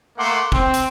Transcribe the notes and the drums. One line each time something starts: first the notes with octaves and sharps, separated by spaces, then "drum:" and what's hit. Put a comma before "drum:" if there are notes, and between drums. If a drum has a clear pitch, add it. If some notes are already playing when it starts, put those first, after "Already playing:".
A3 A#3 F#5 C6 D6
C4, drum: kick
drum: hi-hat